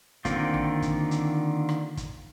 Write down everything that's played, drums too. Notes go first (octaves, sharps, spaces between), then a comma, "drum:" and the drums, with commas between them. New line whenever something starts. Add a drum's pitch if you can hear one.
D3 D#3 A#3 C4 F4, drum: kick, hi-hat
drum: tom A#1
drum: kick, hi-hat
drum: hi-hat
drum: rim click
drum: kick, hi-hat